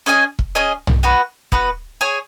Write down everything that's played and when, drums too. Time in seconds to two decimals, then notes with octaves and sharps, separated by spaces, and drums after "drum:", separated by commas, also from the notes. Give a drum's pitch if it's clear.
0.06 C#4 G#4 D#5 G#5
0.39 drum: kick
0.55 C#4 G#4 D#5 G#5
0.87 drum: tom
1.03 B3 F#4 B4
1.52 B3 F#4 B4, drum: kick
2.01 G#4 C#5 G#5